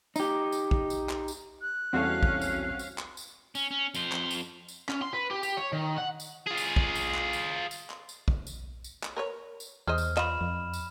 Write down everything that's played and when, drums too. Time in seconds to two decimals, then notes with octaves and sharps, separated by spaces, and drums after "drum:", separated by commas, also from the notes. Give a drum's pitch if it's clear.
0.16 D#4 G4, drum: tambourine
0.52 drum: tambourine
0.71 drum: kick A#1
0.90 drum: tambourine
1.09 drum: clap
1.28 drum: tambourine
1.61 F#6
1.93 E2 G3 C4 C#4 F#4 A4 F5
2.23 drum: kick A#1
2.42 drum: tambourine
2.79 drum: tambourine
2.98 drum: clap
3.17 drum: tambourine
3.55 C#4, drum: tambourine
3.71 C#4
3.95 F2 C5, drum: tambourine
4.12 drum: clap
4.31 drum: tambourine
4.68 drum: tambourine
4.89 C#4, drum: clap
5.02 C6
5.14 B4
5.31 G4
5.43 G4, drum: tambourine
5.57 C#5
5.73 D#3
5.98 F#5
6.20 drum: tambourine
6.47 F4 G#4
6.58 drum: tambourine
6.76 drum: kick A#1
6.95 drum: tambourine
7.14 drum: clap
7.33 drum: tambourine
7.71 drum: tambourine
7.90 drum: clap
8.09 drum: tambourine
8.28 drum: kick A#1
8.47 drum: tambourine
8.84 drum: tambourine
9.03 drum: clap
9.17 A#4 B4 C#5
9.60 drum: tambourine
9.87 E2 G#4 C5 D#5 F6
9.98 drum: tambourine
10.17 F4 B4 D#5 B5 E7, drum: clap
10.41 F2
10.74 drum: tambourine